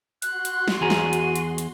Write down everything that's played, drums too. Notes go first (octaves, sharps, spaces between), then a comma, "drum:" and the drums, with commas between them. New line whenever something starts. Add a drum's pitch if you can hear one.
F#4 C6 F#6, drum: hi-hat
drum: hi-hat
drum: snare
E2 G#4 A#5 D#7
drum: snare
drum: hi-hat
drum: hi-hat
drum: hi-hat